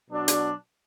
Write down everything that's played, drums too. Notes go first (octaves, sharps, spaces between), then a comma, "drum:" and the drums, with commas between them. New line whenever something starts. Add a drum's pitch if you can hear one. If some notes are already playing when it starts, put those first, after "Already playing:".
B2 F#3 D4
drum: hi-hat